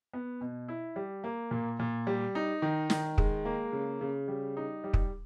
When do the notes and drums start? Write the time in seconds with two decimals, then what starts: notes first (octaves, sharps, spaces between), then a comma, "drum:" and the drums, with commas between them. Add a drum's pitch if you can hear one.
0.13 B3
0.41 B2
0.68 E4
0.96 G3
1.24 A#3
1.51 A#2
1.79 A#2
2.07 G3
2.35 D#4
2.62 D#3
2.90 D#3, drum: snare
3.18 G#3, drum: kick
3.45 A#3
3.72 C#3
4.01 C#3
4.28 G3
4.57 D#4
4.84 G3
4.94 drum: kick